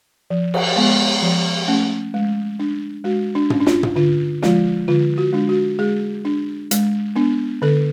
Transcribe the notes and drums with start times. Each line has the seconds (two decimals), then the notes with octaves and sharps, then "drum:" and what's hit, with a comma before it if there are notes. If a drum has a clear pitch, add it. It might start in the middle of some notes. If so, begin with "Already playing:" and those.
0.30 F3
0.54 drum: cymbal
0.76 G#3 B3
1.22 F3
1.68 A3 C#4
2.14 G#3
2.60 D4
3.04 G#3 F#4
3.35 D4
3.50 C#4, drum: tom
3.60 D4
3.66 F4, drum: snare
3.83 drum: tom
3.96 D3 F4
4.43 F3 G#3 F4, drum: snare
4.88 D3 F4
5.18 F#4
5.33 G#3 D4
5.49 F#4
5.79 G#3 G#4
6.25 D4
6.71 G#3, drum: hi-hat
7.16 B3 D4
7.62 D3 A4